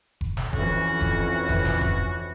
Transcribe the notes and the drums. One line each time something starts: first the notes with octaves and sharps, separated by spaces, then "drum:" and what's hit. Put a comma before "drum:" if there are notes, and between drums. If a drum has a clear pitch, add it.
drum: kick F1
drum: snare
F2 E3 C#4 F#4, drum: kick F1
drum: kick F1
drum: kick F1
drum: snare
drum: kick F1